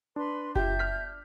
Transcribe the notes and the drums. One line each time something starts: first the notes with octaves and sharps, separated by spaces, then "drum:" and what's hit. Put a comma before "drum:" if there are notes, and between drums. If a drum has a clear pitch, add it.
D4 B4 C6
F4 G4 E5 G6, drum: kick F#1
F6 B6